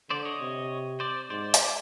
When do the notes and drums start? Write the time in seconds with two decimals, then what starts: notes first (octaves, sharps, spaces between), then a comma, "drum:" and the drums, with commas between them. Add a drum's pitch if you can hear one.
0.10 D3 C5 D5
0.25 C#5 D#5
0.41 C3
1.00 C5 D5
1.30 G#2 C5 D5
1.54 drum: hi-hat